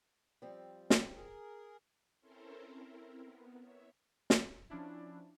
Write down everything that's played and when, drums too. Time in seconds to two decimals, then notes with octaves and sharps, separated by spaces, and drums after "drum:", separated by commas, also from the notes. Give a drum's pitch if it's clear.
0.42 F3 G3 C4
0.90 drum: snare
1.15 G#4 A#4
2.20 C4 C#4 E4 A4 A#4 C5
2.66 C4 E4 A#4
3.23 B3
3.59 C#5 E5
4.30 drum: snare
4.70 F3 C#4 D4 E4